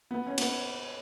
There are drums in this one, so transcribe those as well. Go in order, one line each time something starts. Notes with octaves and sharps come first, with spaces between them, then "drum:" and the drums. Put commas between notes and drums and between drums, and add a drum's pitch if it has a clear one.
B3
C#4
B3, drum: cymbal